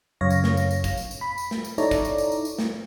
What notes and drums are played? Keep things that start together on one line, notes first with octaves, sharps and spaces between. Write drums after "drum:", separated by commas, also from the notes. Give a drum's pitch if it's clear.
F#2 C#3 C#5 F5 A#6
drum: tambourine
drum: snare
drum: tambourine
drum: tambourine
drum: kick, tambourine
drum: tambourine
drum: tambourine
B5
drum: tambourine
drum: snare
drum: tambourine
D#4 E4 A4 C#5 D5 A#5, drum: tambourine
drum: kick, tambourine
drum: tambourine
drum: tambourine
drum: tambourine
drum: tambourine
drum: snare